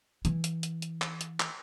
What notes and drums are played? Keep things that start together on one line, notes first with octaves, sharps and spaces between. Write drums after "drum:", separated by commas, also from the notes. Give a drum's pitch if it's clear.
E3 E4, drum: hi-hat
drum: hi-hat
drum: hi-hat
drum: hi-hat
drum: clap
drum: hi-hat
drum: clap